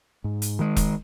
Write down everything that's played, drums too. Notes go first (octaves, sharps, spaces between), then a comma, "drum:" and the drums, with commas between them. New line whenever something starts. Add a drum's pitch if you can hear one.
G#2
drum: hi-hat
D#3 G#3
drum: kick E1, hi-hat